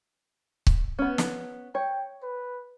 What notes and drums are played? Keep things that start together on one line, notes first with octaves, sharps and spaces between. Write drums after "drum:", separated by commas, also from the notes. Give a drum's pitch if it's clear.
drum: kick C#1
B3 C#4
drum: snare
C#5 G5
B4